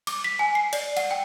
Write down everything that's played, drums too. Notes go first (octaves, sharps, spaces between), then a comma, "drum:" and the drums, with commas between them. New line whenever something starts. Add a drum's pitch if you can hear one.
D6, drum: cymbal
B6
G#5
C7
D5, drum: cymbal
F#5, drum: cymbal
G5